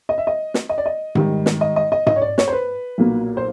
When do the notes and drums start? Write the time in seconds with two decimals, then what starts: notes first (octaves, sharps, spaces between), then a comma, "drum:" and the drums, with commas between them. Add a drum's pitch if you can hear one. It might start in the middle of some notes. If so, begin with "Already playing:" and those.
0.09 D#5
0.18 E5
0.27 D#5
0.54 drum: snare
0.69 D#5
0.78 D5
0.86 D#5
1.15 G#2 D#3 G3, drum: tom G#2
1.46 drum: snare
1.61 D#5
1.76 D#5
1.92 D#5
2.07 D#5, drum: tom G#2
2.16 C#5
2.21 D5
2.38 C#5, drum: snare
2.48 C5
2.53 B4
2.98 B1 A#2 F#3 A#3
3.37 C5